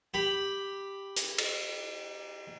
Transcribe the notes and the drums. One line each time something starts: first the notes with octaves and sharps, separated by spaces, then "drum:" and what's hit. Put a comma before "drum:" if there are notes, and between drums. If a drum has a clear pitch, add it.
G4 B5
drum: hi-hat
drum: cymbal